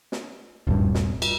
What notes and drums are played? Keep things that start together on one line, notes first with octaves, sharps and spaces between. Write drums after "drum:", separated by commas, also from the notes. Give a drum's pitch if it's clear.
drum: snare
D#1 G2
drum: snare
drum: cymbal